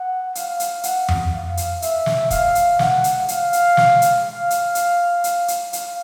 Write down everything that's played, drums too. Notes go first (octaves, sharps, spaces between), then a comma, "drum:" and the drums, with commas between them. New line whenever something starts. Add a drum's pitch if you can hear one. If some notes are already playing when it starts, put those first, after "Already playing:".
Already playing: F#5
F5, drum: hi-hat
drum: hi-hat
F#5, drum: hi-hat
drum: tom F2
F5
drum: hi-hat
E5, drum: hi-hat
drum: snare
F5, drum: kick, hi-hat
drum: hi-hat
F#5, drum: snare
drum: hi-hat
F5, drum: hi-hat
drum: hi-hat
drum: snare
drum: hi-hat
F5
drum: hi-hat
drum: hi-hat
drum: hi-hat
drum: hi-hat
F5, drum: hi-hat